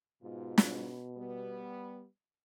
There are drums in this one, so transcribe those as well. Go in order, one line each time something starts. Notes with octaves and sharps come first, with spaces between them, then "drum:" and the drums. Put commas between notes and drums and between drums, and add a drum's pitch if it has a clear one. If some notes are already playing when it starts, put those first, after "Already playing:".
G#2 B2 F4
drum: snare
G3 B3